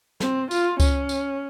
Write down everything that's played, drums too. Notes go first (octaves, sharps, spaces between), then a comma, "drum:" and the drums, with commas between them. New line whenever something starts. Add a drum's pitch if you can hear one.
C4, drum: snare
F4, drum: tambourine
C#4, drum: kick C#2, tambourine
drum: tambourine